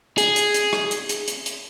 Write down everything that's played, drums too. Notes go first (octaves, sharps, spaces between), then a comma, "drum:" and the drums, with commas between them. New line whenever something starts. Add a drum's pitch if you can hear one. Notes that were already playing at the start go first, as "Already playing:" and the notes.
G#4, drum: hi-hat
drum: hi-hat
drum: hi-hat
drum: rim click
drum: hi-hat
drum: hi-hat
drum: hi-hat
drum: hi-hat